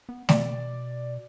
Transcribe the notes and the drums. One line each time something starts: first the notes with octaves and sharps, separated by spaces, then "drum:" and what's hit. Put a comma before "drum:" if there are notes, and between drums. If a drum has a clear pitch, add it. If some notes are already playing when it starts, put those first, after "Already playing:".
B3
B2 D5, drum: snare A3